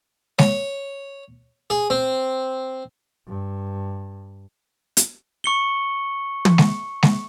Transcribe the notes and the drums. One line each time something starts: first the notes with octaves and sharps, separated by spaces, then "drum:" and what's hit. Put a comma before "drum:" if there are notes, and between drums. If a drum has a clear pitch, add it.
C#5, drum: snare G#3
G#4
C4
G2
drum: hi-hat
C#6 C#7 G7
drum: tom
drum: snare G#3
drum: snare G#3